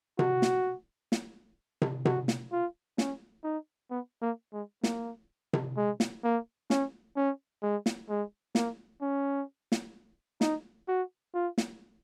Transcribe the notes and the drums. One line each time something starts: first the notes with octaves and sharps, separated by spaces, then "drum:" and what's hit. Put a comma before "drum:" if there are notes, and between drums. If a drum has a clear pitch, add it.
F#4, drum: tom C3
drum: snare
drum: snare
drum: tom C3
F#4, drum: tom C3
drum: snare
F4
C#4, drum: snare
D#4
B3
A#3
G#3
A#3, drum: snare
drum: tom C3
G#3
drum: snare
A#3
C#4, drum: snare
C#4
G#3
drum: snare
G#3
A#3, drum: snare
C#4
drum: snare
D#4, drum: snare
F#4
F4
drum: snare